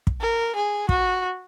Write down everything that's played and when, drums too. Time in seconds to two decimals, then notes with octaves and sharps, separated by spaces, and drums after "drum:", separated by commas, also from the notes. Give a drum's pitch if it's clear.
0.07 drum: kick
0.21 A#4
0.55 G#4
0.89 F#4, drum: kick